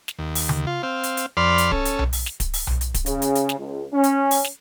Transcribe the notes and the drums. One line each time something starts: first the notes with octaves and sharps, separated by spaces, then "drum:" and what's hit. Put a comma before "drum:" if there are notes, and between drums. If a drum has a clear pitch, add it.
drum: snare
D#2
drum: open hi-hat
drum: tom C#3
F4
C4 F5
drum: hi-hat
drum: hi-hat
F2 D5 B5 C6 F6
drum: hi-hat
C#4 A4, drum: kick D1
drum: hi-hat
drum: tom B1
drum: open hi-hat
drum: snare
drum: kick D1, hi-hat
drum: open hi-hat
drum: tom B1
drum: hi-hat
drum: kick D1, hi-hat
C#3, drum: hi-hat
drum: hi-hat
drum: hi-hat
drum: snare
C#2
C#4
drum: hi-hat
drum: open hi-hat
drum: snare